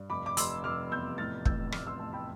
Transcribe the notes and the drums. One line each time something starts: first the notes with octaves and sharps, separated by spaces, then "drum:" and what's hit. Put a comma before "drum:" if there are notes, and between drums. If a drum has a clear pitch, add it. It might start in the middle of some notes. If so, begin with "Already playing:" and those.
Already playing: G2
F1 B5 D6
D6
F1 C6 E6, drum: hi-hat
F1 D6 F6
E2 E6 G6
A2 F6 A6
A1 E6 G6, drum: kick
A1 D6 F6, drum: rim click
C6 E6
A2 A5 C6
G5 B5